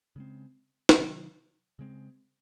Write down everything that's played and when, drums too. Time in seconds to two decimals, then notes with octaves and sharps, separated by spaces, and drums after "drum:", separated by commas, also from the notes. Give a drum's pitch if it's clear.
0.16 C#3 G#3 C4
0.89 drum: snare
0.98 C3 D#3 F#3
1.79 C#3 G#3 C4